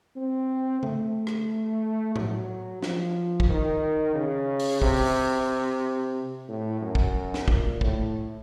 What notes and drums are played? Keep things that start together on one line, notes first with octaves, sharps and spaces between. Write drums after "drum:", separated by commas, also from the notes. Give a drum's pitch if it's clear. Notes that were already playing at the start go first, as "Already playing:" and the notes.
C4
A3, drum: tom C#3
drum: rim click
F#3, drum: tom A2
F3, drum: snare
drum: kick
D#3
C#3
drum: open hi-hat
C3, drum: kick
drum: open hi-hat
A2
F#2
drum: kick
drum: snare
A#2, drum: kick
A2, drum: kick